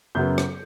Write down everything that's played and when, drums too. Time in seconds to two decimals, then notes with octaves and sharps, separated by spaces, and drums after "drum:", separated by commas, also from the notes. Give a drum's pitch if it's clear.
0.15 F#2 C#3 F#3 B3 G6
0.38 drum: rim click